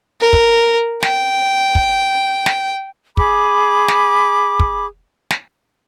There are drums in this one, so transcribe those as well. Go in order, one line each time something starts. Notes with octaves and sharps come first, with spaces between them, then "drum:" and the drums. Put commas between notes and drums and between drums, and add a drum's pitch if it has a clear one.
A#4
drum: kick
G5, drum: snare
drum: kick
drum: snare
G#4 B5 D6, drum: kick
drum: snare
drum: kick
drum: snare